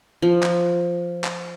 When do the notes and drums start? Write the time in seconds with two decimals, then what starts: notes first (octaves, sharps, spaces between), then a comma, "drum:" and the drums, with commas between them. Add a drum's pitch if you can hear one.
0.22 F3
0.43 drum: clap
1.24 drum: clap